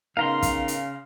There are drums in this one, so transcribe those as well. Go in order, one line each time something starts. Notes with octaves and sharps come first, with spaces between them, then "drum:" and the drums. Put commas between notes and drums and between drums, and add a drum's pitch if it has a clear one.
C#3 B3 D#4 A#4 F5 A#5 C6
drum: kick, hi-hat
drum: hi-hat